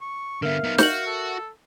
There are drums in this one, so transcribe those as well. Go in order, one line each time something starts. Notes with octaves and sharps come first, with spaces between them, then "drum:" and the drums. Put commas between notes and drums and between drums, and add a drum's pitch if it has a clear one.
C#6
D3 B3 A#4 E5 F5
B3 D#4
F#4 G6 F#7, drum: snare
A4